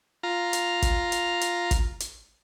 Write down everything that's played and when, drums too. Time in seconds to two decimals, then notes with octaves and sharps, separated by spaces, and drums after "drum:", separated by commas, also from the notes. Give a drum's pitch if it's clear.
0.23 F4 A#5
0.53 drum: hi-hat
0.82 drum: kick, hi-hat
1.12 drum: hi-hat
1.41 drum: hi-hat
1.71 drum: kick, hi-hat
2.00 drum: hi-hat